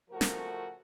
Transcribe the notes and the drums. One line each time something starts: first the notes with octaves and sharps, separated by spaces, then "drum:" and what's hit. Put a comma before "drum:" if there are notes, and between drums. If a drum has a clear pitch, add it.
C#3 F3 A3 F#4 A#4
drum: snare